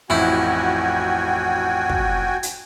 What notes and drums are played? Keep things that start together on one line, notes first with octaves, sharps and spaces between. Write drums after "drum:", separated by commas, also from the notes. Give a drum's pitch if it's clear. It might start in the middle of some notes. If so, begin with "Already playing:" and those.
A1 F2 E4 F#4 G5 G#5
drum: kick
drum: hi-hat